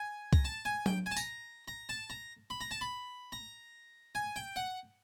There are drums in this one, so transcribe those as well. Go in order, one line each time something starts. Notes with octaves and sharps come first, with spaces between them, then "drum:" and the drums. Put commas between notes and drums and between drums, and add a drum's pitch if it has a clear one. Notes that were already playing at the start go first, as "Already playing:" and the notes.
Already playing: G#5
A#5, drum: kick C2
A5
G#5
G5, drum: tom F#3
G#5
A5
A#5, drum: tambourine
A#5
A5
A#5
B5
A#5
A5
B5
A#5
G#5
G5
F#5